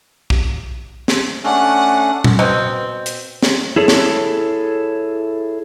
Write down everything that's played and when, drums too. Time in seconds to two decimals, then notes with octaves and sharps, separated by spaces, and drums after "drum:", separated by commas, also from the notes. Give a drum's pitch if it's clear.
0.30 drum: kick
1.08 drum: snare
1.44 A3 C#4 D4 F#5
2.24 drum: tom
2.39 B2 C4
3.06 drum: hi-hat
3.43 drum: snare
3.76 E4 G#4 A4 C#5
3.88 drum: snare